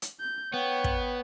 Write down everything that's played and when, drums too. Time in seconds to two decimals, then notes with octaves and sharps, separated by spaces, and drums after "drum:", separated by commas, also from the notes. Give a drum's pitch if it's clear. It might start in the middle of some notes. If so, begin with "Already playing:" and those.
0.02 drum: hi-hat
0.20 G6
0.54 B3 C#5 G5
0.84 drum: kick